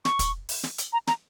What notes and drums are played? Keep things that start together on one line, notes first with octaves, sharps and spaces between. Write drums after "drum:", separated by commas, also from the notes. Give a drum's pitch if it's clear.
C#6, drum: snare
drum: kick, hi-hat
drum: open hi-hat
drum: snare
drum: hi-hat
A#5
A#5, drum: snare